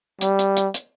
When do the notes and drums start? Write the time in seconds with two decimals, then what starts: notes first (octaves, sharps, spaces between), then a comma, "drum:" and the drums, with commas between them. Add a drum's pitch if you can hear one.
0.21 G3, drum: hi-hat
0.39 drum: hi-hat
0.57 drum: hi-hat
0.74 drum: hi-hat